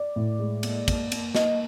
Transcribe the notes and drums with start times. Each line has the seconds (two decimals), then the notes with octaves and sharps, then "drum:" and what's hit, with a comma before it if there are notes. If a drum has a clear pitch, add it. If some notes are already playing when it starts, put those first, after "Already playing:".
Already playing: D5
0.16 A2
0.39 G#3
0.63 A#3, drum: cymbal
0.88 A#3, drum: kick, cymbal
1.12 A#3, drum: cymbal
1.35 A#3 D#5, drum: snare